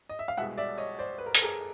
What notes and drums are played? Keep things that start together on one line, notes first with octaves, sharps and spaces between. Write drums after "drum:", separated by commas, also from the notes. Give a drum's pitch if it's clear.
D#5
E5
F5
C2 B2 G#3 E5 F#5
D5 E5
C#5 D#5
C5 D5
B4
A#4
A4, drum: hi-hat
G#4 A#4